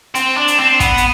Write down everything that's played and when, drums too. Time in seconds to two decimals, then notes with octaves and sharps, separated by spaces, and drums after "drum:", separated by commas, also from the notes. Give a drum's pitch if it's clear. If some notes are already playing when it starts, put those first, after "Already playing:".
0.15 C4, drum: hi-hat
0.37 D4
0.48 drum: hi-hat
0.59 C4
0.80 B3, drum: kick, hi-hat
0.97 drum: hi-hat